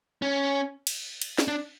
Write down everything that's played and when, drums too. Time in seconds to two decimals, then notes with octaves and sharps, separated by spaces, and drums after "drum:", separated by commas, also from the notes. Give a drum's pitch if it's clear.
0.22 C#4
0.87 drum: cymbal
1.22 drum: cymbal
1.39 drum: snare
1.48 D4